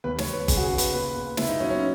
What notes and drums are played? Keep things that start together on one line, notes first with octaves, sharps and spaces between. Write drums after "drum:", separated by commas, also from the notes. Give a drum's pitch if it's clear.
D#2 B4
C#5, drum: snare
D#2
B4
C#3 G#4, drum: kick G1, hi-hat
F#4
G#4
C#3
B4, drum: hi-hat
A#2 B4
A#2
A#2 E4, drum: snare
D#4
F#3 C#4
C#4